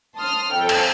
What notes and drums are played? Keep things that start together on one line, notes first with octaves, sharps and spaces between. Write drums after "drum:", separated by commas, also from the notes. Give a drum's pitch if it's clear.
A5 C6 D#6 F6
F2 A4 G5
drum: cymbal